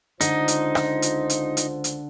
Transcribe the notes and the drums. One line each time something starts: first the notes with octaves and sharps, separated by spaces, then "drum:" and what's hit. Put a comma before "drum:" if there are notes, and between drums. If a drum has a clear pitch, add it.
C#2 D3 D#4 F4 C5, drum: hi-hat
drum: hi-hat
drum: rim click
drum: hi-hat
drum: hi-hat
drum: hi-hat
drum: hi-hat